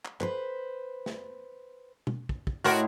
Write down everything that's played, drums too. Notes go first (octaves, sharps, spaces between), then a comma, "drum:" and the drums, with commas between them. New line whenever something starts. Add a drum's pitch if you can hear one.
drum: clap
B4 C5, drum: clap
drum: snare
drum: tom
drum: kick
drum: kick
A2 F#4 A#4 D#5 F#5 C6